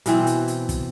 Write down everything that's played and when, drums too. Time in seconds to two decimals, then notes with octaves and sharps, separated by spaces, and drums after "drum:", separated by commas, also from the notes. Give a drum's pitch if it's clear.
0.06 B2 E3 C4, drum: hi-hat
0.27 drum: hi-hat
0.48 drum: hi-hat
0.69 drum: kick, hi-hat